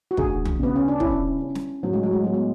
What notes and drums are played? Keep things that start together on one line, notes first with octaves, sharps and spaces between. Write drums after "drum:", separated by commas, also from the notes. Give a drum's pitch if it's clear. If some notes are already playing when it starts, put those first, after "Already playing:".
F#4
D2 G#4, drum: kick
drum: tom
C#3 B3
C#4
D4
C#4 E4, drum: kick
C#4
drum: snare
A2 F#3
G#3
F#3
G#3
F#3 B3
G#3